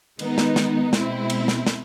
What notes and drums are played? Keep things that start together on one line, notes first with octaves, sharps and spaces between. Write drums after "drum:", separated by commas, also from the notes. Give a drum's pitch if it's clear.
D#3 G#3 B3 D#4, drum: cymbal
drum: snare
drum: snare
B2 G#3 C4 E4, drum: snare
drum: cymbal
drum: snare
drum: snare